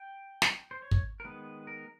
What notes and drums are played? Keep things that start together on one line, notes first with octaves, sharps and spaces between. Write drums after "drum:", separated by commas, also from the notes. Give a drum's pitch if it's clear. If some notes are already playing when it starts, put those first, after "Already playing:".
Already playing: G5
drum: snare
C5
C#5
drum: kick
A#4
D#3 G#3 B3 B4
A#4